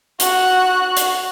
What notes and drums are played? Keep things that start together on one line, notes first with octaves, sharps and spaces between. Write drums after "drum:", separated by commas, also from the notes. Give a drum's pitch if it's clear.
F#4 F#6, drum: hi-hat
drum: hi-hat